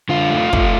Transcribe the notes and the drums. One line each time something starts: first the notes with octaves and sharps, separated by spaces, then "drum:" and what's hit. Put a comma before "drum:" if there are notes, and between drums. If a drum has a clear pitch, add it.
D3 F4
A3
A3, drum: kick